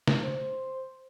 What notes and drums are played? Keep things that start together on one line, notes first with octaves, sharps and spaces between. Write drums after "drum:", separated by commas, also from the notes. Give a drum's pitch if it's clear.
drum: snare
C5